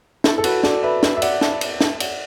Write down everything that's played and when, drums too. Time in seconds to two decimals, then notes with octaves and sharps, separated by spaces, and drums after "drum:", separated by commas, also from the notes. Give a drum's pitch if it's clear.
0.24 E4 A4, drum: snare
0.38 A4
0.44 F#4 B4, drum: cymbal
0.63 A4 D5, drum: snare
0.83 B4 E5
1.03 B4 E5, drum: snare
1.17 E5
1.22 D5 F#5, drum: cymbal
1.41 E5 A5, drum: snare
1.61 drum: cymbal
1.81 E5 A5, drum: snare
2.00 D5 F#5, drum: cymbal